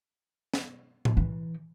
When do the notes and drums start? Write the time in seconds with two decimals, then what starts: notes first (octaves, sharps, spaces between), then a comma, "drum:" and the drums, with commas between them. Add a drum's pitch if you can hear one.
0.54 drum: snare
1.05 drum: tom A2
1.17 E3